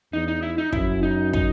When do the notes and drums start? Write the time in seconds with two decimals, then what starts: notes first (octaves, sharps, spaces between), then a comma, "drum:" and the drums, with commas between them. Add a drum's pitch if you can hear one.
0.13 E2 D#4
0.28 D#4
0.43 E4
0.58 D#4
0.72 F#2 E4, drum: kick
1.03 D#4
1.33 D#4, drum: kick